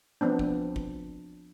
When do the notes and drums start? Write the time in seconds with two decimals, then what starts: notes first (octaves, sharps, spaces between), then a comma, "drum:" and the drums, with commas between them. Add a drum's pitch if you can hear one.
0.21 F3 B3 C4 D4
0.39 drum: kick
0.76 drum: kick